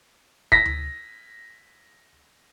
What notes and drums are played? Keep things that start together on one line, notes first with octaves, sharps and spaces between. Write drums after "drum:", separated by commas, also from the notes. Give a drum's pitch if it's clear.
A#6 B6, drum: kick
drum: tom D2